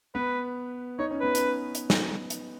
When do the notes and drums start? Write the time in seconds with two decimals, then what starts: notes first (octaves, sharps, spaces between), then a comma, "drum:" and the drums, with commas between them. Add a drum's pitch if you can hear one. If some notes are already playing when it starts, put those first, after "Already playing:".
0.15 B3 B4
0.99 D#4 C#5
1.11 C#4
1.21 B3 B4
1.35 C#4, drum: hi-hat
1.75 drum: hi-hat
1.90 drum: snare
2.30 drum: hi-hat